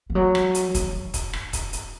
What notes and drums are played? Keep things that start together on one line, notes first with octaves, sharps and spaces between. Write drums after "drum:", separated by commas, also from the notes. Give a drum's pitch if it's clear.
E3
F#3
drum: rim click
drum: hi-hat
D#3, drum: kick, hi-hat
drum: kick, hi-hat
drum: rim click
drum: kick, hi-hat
drum: hi-hat